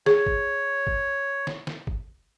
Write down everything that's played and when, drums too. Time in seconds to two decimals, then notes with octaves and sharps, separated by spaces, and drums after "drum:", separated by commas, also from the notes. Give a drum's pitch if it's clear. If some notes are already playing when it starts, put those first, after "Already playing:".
0.06 G#4 C#5, drum: snare
0.26 drum: kick
0.87 drum: kick
1.47 drum: snare
1.67 drum: snare
1.87 drum: kick